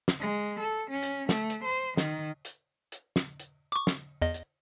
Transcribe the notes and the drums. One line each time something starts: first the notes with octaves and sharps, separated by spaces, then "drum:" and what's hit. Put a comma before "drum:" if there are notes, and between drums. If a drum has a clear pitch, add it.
drum: snare
G#3
A4
C#4
drum: hi-hat
A3, drum: snare
drum: hi-hat
C5
D#3, drum: snare
drum: hi-hat
drum: hi-hat
drum: snare
drum: hi-hat
C#6 D6
drum: snare
E2 D#5
drum: hi-hat